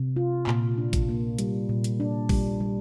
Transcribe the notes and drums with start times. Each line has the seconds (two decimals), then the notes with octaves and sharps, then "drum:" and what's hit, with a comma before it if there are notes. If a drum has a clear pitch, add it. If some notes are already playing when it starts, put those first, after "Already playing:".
Already playing: C3
0.16 F4
0.47 A#2, drum: clap
0.78 D4
0.93 drum: kick A1, hi-hat
1.09 A#3
1.39 G3, drum: hi-hat
1.69 A#2
1.84 drum: hi-hat
2.00 D4
2.29 G3, drum: kick A1, open hi-hat
2.60 G3